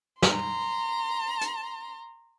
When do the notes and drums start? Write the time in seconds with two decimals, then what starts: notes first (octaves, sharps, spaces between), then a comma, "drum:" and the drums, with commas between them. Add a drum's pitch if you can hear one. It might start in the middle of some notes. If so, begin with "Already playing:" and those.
0.22 A#5 C6, drum: snare
1.41 drum: hi-hat